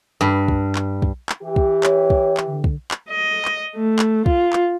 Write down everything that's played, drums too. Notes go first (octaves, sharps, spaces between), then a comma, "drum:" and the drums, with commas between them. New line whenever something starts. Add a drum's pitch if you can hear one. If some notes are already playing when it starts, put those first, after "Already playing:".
G2
drum: kick
drum: clap
drum: kick
drum: clap
E3 G4
drum: kick
C#5, drum: clap
drum: kick
drum: clap
D3
drum: kick
drum: clap
D#5
drum: clap
A3
drum: clap
F4, drum: kick
drum: clap